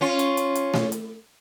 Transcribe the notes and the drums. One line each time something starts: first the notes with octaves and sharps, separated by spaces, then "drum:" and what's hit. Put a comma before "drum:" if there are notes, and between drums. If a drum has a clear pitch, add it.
C#4 F4
drum: hi-hat
drum: hi-hat
drum: hi-hat
drum: snare A3
drum: hi-hat